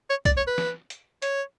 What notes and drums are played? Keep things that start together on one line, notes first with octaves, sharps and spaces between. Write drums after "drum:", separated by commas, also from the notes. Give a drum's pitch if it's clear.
C#5
D5, drum: kick B1, hi-hat
C#5
B4
drum: snare
drum: hi-hat
C#5, drum: hi-hat